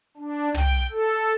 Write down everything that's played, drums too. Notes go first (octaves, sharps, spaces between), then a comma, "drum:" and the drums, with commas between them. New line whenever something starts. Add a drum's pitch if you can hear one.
D4
G5, drum: tom
A4